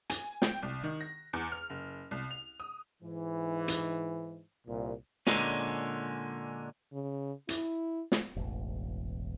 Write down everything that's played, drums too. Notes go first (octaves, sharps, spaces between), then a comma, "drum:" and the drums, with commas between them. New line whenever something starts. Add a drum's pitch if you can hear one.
G#5, drum: hi-hat
G5, drum: snare
C2
D#3
A#6
E2
F6
F#1
C2
F7
D#6
G#2 E3
drum: hi-hat
C2 A#2
A#2 D3 G#3 C#4, drum: snare
C#3
E4, drum: hi-hat
drum: snare
E1 A1